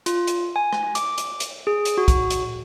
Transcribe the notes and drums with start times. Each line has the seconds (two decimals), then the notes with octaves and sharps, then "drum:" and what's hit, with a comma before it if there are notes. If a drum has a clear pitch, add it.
0.06 F4, drum: hi-hat
0.27 drum: hi-hat
0.56 G#5
0.73 drum: rim click
0.95 D6, drum: hi-hat
1.18 drum: hi-hat
1.40 drum: hi-hat
1.67 G#4
1.85 drum: hi-hat
1.98 F#4
2.08 drum: kick, hi-hat
2.30 drum: hi-hat